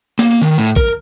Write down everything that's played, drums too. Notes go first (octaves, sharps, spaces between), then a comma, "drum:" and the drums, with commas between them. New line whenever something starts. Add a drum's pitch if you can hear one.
A#3, drum: snare
D#3
A2
A#4, drum: kick